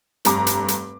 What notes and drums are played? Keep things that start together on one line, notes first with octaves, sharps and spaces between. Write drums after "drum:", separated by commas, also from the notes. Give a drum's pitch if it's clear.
F1 G2 A#5 D6, drum: hi-hat
drum: hi-hat
drum: hi-hat